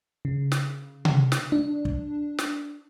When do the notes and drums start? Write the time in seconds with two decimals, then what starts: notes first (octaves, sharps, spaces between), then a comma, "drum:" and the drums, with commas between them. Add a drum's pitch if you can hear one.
0.25 C#3
0.52 drum: snare
1.05 drum: tom C3
1.32 drum: snare
1.52 D4
1.85 drum: kick
2.38 drum: snare